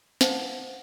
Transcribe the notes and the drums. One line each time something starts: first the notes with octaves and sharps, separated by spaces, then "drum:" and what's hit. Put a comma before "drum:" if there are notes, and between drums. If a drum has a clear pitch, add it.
C5 F5 F#5 A5, drum: snare